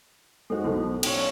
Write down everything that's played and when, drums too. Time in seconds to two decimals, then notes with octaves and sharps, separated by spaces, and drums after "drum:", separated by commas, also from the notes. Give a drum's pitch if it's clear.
0.50 G#3 D#4 F#4 A4 C5
0.64 B1 B2 D#4 A4 C5
1.03 C#4 C#5 G5, drum: cymbal